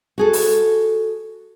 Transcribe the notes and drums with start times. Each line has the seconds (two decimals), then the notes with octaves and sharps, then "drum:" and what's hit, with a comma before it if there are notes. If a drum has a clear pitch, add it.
0.18 F#4 G#4 A4
0.33 drum: open hi-hat